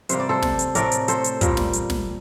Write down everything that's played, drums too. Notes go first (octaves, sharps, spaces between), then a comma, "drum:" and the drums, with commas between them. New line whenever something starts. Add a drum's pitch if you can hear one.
C3 G3 A#3 C5, drum: hi-hat
D5
A4 C5
drum: snare
drum: hi-hat
A2 A3 C4 A#4 D5, drum: hi-hat
drum: hi-hat
A4 C5, drum: hi-hat
drum: hi-hat
A#2 G3 A#3, drum: kick, hi-hat
drum: snare
drum: hi-hat
drum: snare